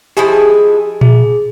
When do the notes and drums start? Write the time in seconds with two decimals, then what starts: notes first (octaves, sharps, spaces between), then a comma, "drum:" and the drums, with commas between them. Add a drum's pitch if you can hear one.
0.17 F3 G#3 E4 G4 G#4
1.01 G#4, drum: tom A#2